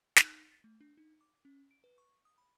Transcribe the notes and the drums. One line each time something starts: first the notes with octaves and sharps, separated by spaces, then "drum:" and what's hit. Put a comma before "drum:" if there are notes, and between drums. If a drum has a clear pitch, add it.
D#4, drum: snare
A6
A3
D4
D#4
D6
C#4
D7
B4
C#6
D#6
B5